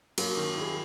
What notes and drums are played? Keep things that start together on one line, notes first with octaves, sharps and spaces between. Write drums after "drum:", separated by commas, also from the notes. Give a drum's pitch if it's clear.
F#3 A#3, drum: cymbal
D#3
E4 G#4